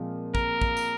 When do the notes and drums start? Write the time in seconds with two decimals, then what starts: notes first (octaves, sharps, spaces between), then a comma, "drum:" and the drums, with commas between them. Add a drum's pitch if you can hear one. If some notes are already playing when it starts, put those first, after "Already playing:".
Already playing: A#2 F3 G#3 C4
0.35 A#4, drum: kick
0.62 drum: kick
0.77 drum: tambourine